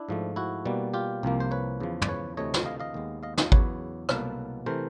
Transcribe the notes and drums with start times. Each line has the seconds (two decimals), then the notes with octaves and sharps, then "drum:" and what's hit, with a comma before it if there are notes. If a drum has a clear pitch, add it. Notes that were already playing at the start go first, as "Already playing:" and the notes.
Already playing: D4 E4
0.09 G#2 F3 A3
0.36 E4 F#4
0.65 B2 G3 A#3
0.94 F4 G4
1.23 C2 C3 F3 A#3
1.40 C5
1.51 B4 C#5
1.80 E2 C#3 F3
2.02 D5, drum: tom
2.08 B4 C#5
2.37 D2 C3 E3 A3 C#5 D#5
2.54 drum: snare
2.65 D#5 F5
2.80 D#5 F5
2.94 D#2 D#3 G#3 B3
3.23 D#5 F5
3.38 D#5 F5, drum: snare
3.52 E2 C#3 F#3 B4 C#5, drum: kick G#1
4.09 C2 B2 F#3 A#3 A4 B4, drum: rim click
4.66 C3 E3 A3 A#4 C5